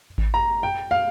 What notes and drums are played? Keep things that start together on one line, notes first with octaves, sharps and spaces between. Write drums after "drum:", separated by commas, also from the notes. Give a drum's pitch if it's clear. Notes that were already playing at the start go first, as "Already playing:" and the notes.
drum: kick G#1
A#5
G5
F5